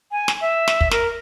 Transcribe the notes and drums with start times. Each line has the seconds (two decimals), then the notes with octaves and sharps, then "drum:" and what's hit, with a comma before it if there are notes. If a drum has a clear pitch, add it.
0.11 G#5
0.28 drum: snare
0.41 E5
0.68 drum: snare
0.81 drum: kick
0.91 A#4, drum: snare